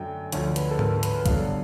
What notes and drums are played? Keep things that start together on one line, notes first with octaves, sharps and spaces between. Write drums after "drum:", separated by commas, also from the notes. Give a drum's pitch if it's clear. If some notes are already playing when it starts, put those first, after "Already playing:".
Already playing: F#2 D3 F#3 A3 G5
D2 D3 F3 C#5, drum: hi-hat
B4, drum: hi-hat
A4
A#4, drum: tom G#2
B4, drum: hi-hat
G2 D3 F#3 B3 F5, drum: kick A#1, hi-hat